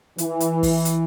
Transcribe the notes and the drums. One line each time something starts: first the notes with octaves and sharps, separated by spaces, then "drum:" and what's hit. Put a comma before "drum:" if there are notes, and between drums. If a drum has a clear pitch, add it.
E3, drum: hi-hat
drum: hi-hat
drum: kick, open hi-hat
drum: hi-hat